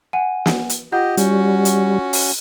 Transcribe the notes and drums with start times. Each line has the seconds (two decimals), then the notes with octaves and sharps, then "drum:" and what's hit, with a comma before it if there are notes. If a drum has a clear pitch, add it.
0.13 F#5 G#5 D#7
0.46 drum: snare
0.69 drum: hi-hat
0.92 F4 G4 D#5 F#5 G6
1.17 G3 C#4 F#4, drum: hi-hat
1.65 drum: hi-hat
2.13 drum: open hi-hat